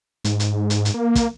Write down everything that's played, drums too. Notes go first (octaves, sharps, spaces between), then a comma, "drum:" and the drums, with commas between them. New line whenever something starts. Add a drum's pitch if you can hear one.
G#2, drum: hi-hat
drum: hi-hat
drum: hi-hat
drum: hi-hat
A#3
drum: kick, hi-hat